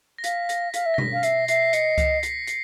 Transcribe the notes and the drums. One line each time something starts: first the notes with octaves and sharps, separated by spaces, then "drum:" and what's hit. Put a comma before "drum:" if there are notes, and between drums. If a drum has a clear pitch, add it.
A#6
F5 B6, drum: hi-hat
A#6, drum: hi-hat
F5 B6, drum: hi-hat
E5
A#6
B6, drum: tom B2
F5
E5 C7, drum: hi-hat
E5 C7, drum: hi-hat
B6
C7
D#5 C#7, drum: hi-hat
C7, drum: kick C#2, hi-hat
B6, drum: hi-hat
C7, drum: hi-hat